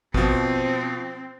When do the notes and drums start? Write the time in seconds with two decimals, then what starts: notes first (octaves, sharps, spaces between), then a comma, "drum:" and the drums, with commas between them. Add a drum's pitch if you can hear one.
0.14 B2 F3 C4, drum: kick